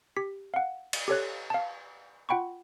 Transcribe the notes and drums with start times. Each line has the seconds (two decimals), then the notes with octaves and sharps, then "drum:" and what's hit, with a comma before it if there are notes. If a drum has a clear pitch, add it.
0.17 G4 B6
0.54 F5 F#5
0.93 drum: cymbal
1.08 G4 A4 C#5 F#6
1.50 F5 A5
2.29 F4 F#5 G5 B5 C#6